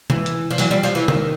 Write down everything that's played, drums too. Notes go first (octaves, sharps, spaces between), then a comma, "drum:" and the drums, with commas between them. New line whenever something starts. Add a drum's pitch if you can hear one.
E3, drum: tom C3
drum: hi-hat
F3
E3 F#3, drum: open hi-hat
F3 G3
F3 G3
E3
D#3, drum: tom C3